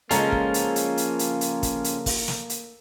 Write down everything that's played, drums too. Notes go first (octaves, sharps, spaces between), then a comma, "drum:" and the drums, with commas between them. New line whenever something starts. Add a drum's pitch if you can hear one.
C#3 F3 G#3 A#3 C#4 F4 A4 A#5, drum: hi-hat
drum: kick
drum: hi-hat
drum: hi-hat
drum: hi-hat
drum: hi-hat
drum: hi-hat
drum: kick, hi-hat
drum: hi-hat
drum: kick, open hi-hat
drum: snare
drum: hi-hat